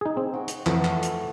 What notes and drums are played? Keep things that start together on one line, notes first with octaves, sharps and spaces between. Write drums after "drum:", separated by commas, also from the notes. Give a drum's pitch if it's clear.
D#4 G#4
C4
F#4 G5
drum: hi-hat
F2 E3 A3 F#4, drum: clap
drum: clap
drum: hi-hat